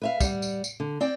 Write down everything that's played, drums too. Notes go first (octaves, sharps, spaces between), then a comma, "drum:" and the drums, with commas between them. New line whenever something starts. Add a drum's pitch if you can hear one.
B4 E5 F5
G3 F#5, drum: kick, tambourine
drum: tambourine
drum: tambourine
D3
C4 D5 G5